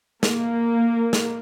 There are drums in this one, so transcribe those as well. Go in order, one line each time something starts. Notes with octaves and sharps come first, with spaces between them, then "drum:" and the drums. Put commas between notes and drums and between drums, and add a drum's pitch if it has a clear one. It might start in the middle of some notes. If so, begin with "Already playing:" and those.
A#3, drum: snare
drum: snare